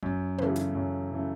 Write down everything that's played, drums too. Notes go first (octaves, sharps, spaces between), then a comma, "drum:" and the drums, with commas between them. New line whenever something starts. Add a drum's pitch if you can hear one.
F#2, drum: kick
C#3 E3 A3, drum: tom
drum: hi-hat
F#2
C#3 E3 A3